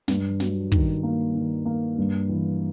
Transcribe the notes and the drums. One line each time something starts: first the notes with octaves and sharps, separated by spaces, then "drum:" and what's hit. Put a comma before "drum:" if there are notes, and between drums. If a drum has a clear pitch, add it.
G2, drum: snare
F#3, drum: snare
D#3, drum: kick
A#3
D#3
A#3
G2
E3